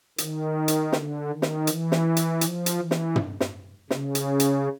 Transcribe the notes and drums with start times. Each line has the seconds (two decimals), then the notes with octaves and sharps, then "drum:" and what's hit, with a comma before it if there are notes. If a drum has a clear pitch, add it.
0.18 D#3, drum: hi-hat
0.68 drum: hi-hat
0.92 D3, drum: snare
1.30 D#3
1.42 drum: snare
1.67 E3, drum: hi-hat
1.92 drum: snare
2.17 drum: hi-hat
2.41 F3, drum: hi-hat
2.66 drum: hi-hat
2.79 E3
2.91 drum: snare
3.16 drum: tom
3.40 drum: snare
3.90 C#3, drum: snare
4.15 drum: hi-hat
4.40 drum: hi-hat